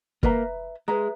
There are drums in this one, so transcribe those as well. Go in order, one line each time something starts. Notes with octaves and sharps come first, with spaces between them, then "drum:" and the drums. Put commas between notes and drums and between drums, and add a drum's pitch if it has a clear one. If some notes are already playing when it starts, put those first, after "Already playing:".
A#3 B4 E5 A#5, drum: kick
G#3 B4 E5 A#5